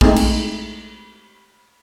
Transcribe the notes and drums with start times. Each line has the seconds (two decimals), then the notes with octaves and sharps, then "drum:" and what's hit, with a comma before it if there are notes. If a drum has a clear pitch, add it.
0.01 G#3 A3 C4 D#4, drum: kick
0.16 drum: cymbal